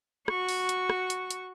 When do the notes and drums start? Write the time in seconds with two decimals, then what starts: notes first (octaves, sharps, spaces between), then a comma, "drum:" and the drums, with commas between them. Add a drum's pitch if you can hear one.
0.28 F#4 C#6, drum: rim click
0.49 drum: open hi-hat
0.69 drum: hi-hat
0.90 drum: rim click
1.10 drum: hi-hat
1.31 drum: hi-hat